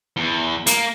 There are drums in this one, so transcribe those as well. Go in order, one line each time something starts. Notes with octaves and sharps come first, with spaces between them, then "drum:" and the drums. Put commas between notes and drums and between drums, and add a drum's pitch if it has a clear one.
E2
A#3, drum: hi-hat